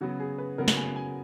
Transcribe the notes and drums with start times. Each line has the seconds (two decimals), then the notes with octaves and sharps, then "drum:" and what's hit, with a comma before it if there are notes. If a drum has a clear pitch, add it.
0.01 C#3 F#3 B3 F#4
0.20 G#4
0.38 B4
0.58 C#3 F#3 B3 A#4
0.68 drum: snare
0.77 G#5
0.96 G#5